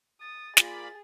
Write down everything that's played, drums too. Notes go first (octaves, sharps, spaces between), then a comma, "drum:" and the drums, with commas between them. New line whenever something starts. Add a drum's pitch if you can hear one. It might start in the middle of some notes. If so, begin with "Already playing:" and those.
D#6 A6
A#3 F4 G#4 D5 G#5 B5, drum: snare